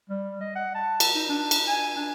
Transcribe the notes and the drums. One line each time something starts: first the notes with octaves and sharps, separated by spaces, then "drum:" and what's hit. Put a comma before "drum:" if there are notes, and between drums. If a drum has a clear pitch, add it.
G3
D#5
F#5
A5
drum: cymbal
D#4
D4
drum: cymbal
G#5
D4